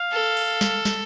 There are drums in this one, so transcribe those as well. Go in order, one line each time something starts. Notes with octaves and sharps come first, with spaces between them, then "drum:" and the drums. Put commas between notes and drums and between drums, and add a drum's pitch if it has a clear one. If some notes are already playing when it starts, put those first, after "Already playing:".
Already playing: F5
A4
drum: open hi-hat
drum: snare
drum: snare